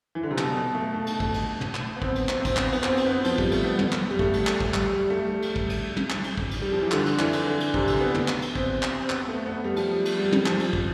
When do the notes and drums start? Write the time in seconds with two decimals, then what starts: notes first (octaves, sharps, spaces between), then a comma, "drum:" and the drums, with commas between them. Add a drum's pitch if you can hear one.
0.15 E3
0.23 D3
0.31 C3
0.38 B2, drum: clap
0.57 B2
0.75 A3
0.93 A3
1.07 drum: cymbal
1.20 drum: kick
1.34 drum: cymbal
1.61 drum: tom
1.75 drum: clap
1.96 B3
2.02 C4, drum: kick
2.15 drum: cymbal
2.29 C4, drum: clap
2.45 C4, drum: kick, cymbal
2.57 B3, drum: clap
2.73 B3, drum: cymbal
2.84 C4, drum: clap
2.97 drum: cymbal
3.06 B3
3.11 C4
3.24 F3, drum: cymbal
3.38 G3, drum: kick
3.51 A3, drum: cymbal
3.65 B3
3.79 drum: tom
3.92 drum: clap
4.11 G3
4.19 A3, drum: kick
4.33 drum: cymbal
4.47 drum: clap
4.61 drum: kick
4.74 G3, drum: clap
4.93 G3
5.10 A3
5.29 G3
5.42 drum: cymbal
5.56 drum: kick
5.69 drum: cymbal
5.97 drum: tom
6.10 drum: clap
6.24 drum: cymbal
6.38 drum: kick
6.51 drum: cymbal
6.62 G3
6.72 F3
6.82 E3
6.92 D3, drum: clap
7.06 drum: cymbal
7.19 E3, drum: clap
7.33 drum: cymbal
7.47 D3
7.60 drum: cymbal
7.74 C3, drum: kick
7.87 drum: cymbal
8.01 B3
8.15 drum: tom
8.28 drum: clap
8.42 drum: cymbal
8.55 C4, drum: kick
8.83 drum: clap
9.03 C4
9.10 B3, drum: clap
9.28 A3
9.46 B3
9.64 G3
9.76 F3, drum: cymbal
9.88 G3
10.05 drum: cymbal
10.18 G3
10.32 drum: tom
10.46 F3, drum: clap
10.60 drum: cymbal
10.73 drum: kick